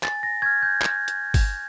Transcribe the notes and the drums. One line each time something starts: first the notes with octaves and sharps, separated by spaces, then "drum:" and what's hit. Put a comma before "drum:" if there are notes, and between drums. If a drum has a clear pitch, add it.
G#5 A6, drum: clap
A#6
C#6 F6 G#6
G6
drum: clap
drum: hi-hat
drum: kick, open hi-hat